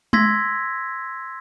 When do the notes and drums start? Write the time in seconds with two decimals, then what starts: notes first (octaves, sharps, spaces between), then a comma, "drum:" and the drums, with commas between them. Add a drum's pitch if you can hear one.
0.13 C6 E6 G#6 A#6 B6, drum: tom G#3